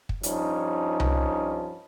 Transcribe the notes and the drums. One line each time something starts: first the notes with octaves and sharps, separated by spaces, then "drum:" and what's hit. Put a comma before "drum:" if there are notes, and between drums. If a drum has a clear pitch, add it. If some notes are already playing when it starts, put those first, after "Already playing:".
drum: kick
G2 F3 C#4 D#4, drum: hi-hat
drum: tom C2